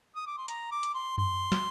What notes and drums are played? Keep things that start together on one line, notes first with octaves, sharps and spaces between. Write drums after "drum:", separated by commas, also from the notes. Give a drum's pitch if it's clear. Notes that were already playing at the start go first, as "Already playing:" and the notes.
D#6
D6
C6
A#5, drum: hi-hat
D6
drum: hi-hat
C6
C6, drum: tom F#2
drum: snare